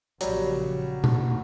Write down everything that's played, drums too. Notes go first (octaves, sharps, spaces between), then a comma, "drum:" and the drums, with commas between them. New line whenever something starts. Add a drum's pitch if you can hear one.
A#1 C#3 F#3 G3, drum: hi-hat
drum: tom B2